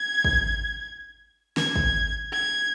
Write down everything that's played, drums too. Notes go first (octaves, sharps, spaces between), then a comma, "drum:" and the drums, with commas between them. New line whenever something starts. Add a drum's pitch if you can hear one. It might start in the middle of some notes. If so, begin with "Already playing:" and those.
Already playing: G#6
drum: kick
G#6, drum: snare
drum: kick
G#6